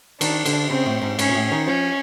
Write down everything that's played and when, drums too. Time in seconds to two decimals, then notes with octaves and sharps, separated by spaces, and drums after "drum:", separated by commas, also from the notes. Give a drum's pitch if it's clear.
0.21 D#3 D4, drum: cymbal
0.45 D3, drum: cymbal
0.70 C#3 C4
0.86 A2
1.02 G#2
1.19 G#2 C#4, drum: cymbal
1.29 A#2
1.35 A2
1.52 D#3
1.67 F3 C#4